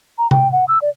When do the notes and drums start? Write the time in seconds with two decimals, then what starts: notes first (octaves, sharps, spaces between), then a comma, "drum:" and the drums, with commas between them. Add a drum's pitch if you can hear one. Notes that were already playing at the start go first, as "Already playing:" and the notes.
0.18 A#5
0.31 G5, drum: tom C3
0.52 F#5
0.68 E6
0.82 D5